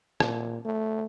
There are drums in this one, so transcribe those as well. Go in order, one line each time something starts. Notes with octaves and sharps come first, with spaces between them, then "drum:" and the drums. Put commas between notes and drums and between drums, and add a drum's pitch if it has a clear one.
A#2, drum: rim click
A3